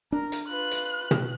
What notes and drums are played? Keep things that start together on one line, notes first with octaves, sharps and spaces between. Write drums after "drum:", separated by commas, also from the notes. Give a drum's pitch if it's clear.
D4 A#4
drum: hi-hat
F4 B4 F#6
drum: hi-hat
drum: tom